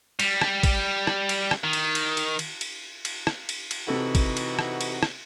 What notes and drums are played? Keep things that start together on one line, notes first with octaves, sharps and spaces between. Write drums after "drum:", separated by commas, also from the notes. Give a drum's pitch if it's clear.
G3, drum: cymbal
drum: rim click
drum: kick, cymbal
drum: rim click
drum: cymbal
drum: rim click
D#3
drum: cymbal
drum: cymbal
drum: cymbal
drum: cymbal
drum: cymbal
drum: cymbal
drum: rim click
drum: cymbal
drum: cymbal
C3 E3 D#4 F#4 A4
drum: kick, cymbal
drum: cymbal
drum: rim click
drum: cymbal
drum: rim click